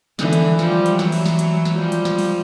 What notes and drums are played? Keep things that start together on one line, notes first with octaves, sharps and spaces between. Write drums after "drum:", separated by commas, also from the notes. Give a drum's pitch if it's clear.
D3 E3, drum: snare
drum: hi-hat
F3 G3, drum: snare
drum: hi-hat
E3 F#3, drum: snare
drum: open hi-hat
drum: snare
drum: hi-hat
drum: snare
F3 G3
drum: hi-hat
drum: snare
drum: open hi-hat